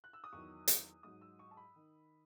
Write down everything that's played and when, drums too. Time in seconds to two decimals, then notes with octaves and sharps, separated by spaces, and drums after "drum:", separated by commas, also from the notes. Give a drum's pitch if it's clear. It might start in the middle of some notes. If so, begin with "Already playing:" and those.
0.04 F#6
0.13 E6
0.24 D#6
0.33 E2 D#3 F#3 C#6
0.68 drum: hi-hat
1.03 G#2 F#3 D#6
1.21 E6
1.39 C#6
1.51 A5
1.57 B5
1.76 D#3